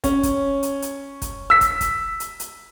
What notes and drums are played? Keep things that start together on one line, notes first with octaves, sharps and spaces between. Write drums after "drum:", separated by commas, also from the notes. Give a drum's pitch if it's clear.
C#4, drum: kick, hi-hat
drum: kick, hi-hat
drum: hi-hat
drum: hi-hat
drum: kick, hi-hat
E6 B6
drum: kick, hi-hat
drum: kick, hi-hat
drum: hi-hat
drum: hi-hat